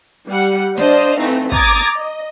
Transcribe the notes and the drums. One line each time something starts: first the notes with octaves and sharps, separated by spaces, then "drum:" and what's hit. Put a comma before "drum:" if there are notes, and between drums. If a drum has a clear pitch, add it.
G3 F#5
drum: hi-hat
D4 C5 D5 D#5 F5, drum: snare
E3 A3 C4 D#4
A#5 D6 D#6 G#6 A6, drum: kick
D#5